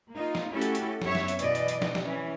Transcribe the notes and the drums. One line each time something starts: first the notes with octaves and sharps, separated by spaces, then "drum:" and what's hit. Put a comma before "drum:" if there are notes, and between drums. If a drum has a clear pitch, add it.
A#3 D#4 F4
drum: snare
A3 C#4 E4 F#4 G4 A4
drum: hi-hat
drum: hi-hat
F#2 B3 C#5 E5, drum: snare
drum: snare
drum: hi-hat
B2 E3 D5 D#5, drum: hi-hat
drum: hi-hat
drum: hi-hat
drum: snare
drum: snare
E3 C#4